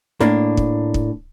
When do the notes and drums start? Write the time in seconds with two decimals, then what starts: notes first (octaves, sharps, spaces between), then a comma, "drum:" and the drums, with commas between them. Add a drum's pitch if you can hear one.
0.20 A2 A#3 D4, drum: snare
0.57 drum: kick
0.94 drum: kick